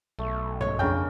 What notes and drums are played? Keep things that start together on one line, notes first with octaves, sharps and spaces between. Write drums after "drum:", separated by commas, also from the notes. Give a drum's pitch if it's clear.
B1 A3
C#5, drum: tom G2
F2 C#3 A#3 D4 A#4 G5